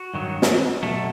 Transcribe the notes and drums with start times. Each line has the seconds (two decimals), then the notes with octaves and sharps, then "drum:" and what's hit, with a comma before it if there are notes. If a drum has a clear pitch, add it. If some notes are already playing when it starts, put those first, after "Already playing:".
Already playing: F#4
0.14 G2 D#3 F#3
0.42 drum: snare
0.83 B2 F#3 A3